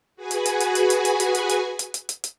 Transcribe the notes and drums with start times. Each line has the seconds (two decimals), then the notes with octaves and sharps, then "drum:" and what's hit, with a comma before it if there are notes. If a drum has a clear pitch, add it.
0.16 F#4 G#4 B4 G#5
0.31 drum: hi-hat
0.45 drum: hi-hat
0.60 drum: hi-hat
0.75 drum: hi-hat
0.90 drum: hi-hat
1.05 drum: hi-hat
1.20 drum: hi-hat
1.35 drum: hi-hat
1.49 drum: hi-hat
1.79 drum: hi-hat
1.94 drum: hi-hat
2.09 drum: hi-hat
2.24 drum: hi-hat